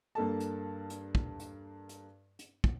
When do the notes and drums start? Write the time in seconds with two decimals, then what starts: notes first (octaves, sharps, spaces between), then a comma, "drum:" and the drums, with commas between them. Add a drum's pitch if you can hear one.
0.15 G2 A#3 A4 A5
0.40 drum: hi-hat
0.90 drum: hi-hat
1.15 drum: kick
1.40 drum: hi-hat
1.89 drum: hi-hat
2.39 drum: hi-hat
2.64 drum: kick